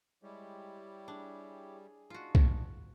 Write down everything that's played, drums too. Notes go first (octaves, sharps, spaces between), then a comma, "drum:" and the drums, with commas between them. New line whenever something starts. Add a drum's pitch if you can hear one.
G3 G#3 E4 G4 C#5
D4 G#4
D4 D#4 F4 F#4
drum: kick